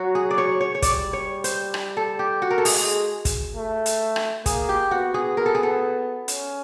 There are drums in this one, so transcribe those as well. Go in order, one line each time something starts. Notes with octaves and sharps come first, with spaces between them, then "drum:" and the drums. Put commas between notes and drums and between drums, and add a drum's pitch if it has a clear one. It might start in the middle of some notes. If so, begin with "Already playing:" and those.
Already playing: F#3 F#4
G#4
D5
C#5
C#5
C#5
G3 D5, drum: kick, hi-hat
C#5
C5, drum: hi-hat
drum: rim click
A4
G4
F#4
A#4
A4
G#3 G#4, drum: open hi-hat
drum: kick, hi-hat
A3
drum: hi-hat
drum: rim click
A#3 G#4, drum: kick, hi-hat
G4
B3 F#4
G#4
B3 A#4
A4
G#4
A4
C#4, drum: hi-hat